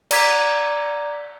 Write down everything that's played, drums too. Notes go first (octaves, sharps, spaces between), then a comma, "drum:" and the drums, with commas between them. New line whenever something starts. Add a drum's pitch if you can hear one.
D5 A#5 D6 G#6 B6, drum: cymbal